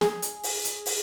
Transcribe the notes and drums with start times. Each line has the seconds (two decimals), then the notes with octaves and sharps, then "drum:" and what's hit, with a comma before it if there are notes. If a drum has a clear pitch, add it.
0.01 G#4, drum: snare
0.22 drum: hi-hat
0.43 drum: open hi-hat
0.65 drum: hi-hat
0.86 drum: open hi-hat